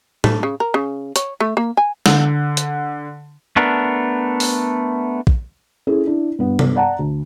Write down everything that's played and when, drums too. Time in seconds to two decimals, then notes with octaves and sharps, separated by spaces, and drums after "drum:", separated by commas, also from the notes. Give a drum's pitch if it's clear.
0.24 A3, drum: tom
0.43 C#3
0.60 A#4
0.74 C#3
1.16 C#5, drum: hi-hat
1.40 A3
1.57 A#3
1.77 G#5
2.06 D3, drum: snare
2.57 drum: hi-hat
3.56 A3 B3 D4 A#4
4.40 drum: open hi-hat
5.27 drum: kick
5.87 C#4 E4 G#4 A4
6.06 D4 E4
6.39 G2 B3
6.59 drum: tom C3
6.76 D5 F#5 A5 A#5
6.99 D2